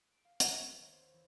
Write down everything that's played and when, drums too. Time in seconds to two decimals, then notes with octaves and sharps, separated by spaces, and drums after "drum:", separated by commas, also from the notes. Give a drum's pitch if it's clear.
0.12 D7
0.25 F5
0.40 D#2, drum: hi-hat
0.63 C4
0.76 C#5
0.93 C5
1.13 E3